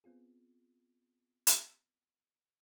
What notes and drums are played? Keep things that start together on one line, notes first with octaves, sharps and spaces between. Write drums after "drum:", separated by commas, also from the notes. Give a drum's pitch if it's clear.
B3 C4 F4 G#4
drum: hi-hat